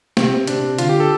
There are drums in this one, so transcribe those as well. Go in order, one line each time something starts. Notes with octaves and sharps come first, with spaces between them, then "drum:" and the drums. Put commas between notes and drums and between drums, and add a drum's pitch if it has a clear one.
C3 C4, drum: snare
C3 D4, drum: hi-hat
D3 F4, drum: hi-hat
G4
A4